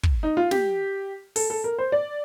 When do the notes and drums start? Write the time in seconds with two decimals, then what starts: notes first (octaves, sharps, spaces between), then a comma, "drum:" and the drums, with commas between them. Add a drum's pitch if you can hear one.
0.04 drum: kick
0.23 D#4
0.37 F4
0.51 G4, drum: snare
1.36 A4, drum: open hi-hat
1.50 A4
1.64 A#4
1.78 C5
1.92 D5